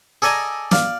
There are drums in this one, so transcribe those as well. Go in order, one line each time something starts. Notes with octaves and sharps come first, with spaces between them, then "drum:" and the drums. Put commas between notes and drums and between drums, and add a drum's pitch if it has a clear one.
G#4 A4 D5 D#5 G#5 A#5
D5 F5, drum: snare